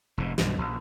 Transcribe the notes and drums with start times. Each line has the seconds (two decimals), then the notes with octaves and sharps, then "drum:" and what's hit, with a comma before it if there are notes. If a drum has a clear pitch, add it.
0.18 F1 G#2
0.38 B1 G2 A#2 D#3, drum: snare
0.58 A#1